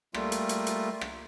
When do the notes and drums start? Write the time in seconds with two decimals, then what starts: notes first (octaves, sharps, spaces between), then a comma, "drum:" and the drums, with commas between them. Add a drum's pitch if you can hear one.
0.14 G3 A3 A#3 F4, drum: rim click
0.32 drum: hi-hat
0.49 drum: hi-hat
0.67 drum: hi-hat
1.01 drum: rim click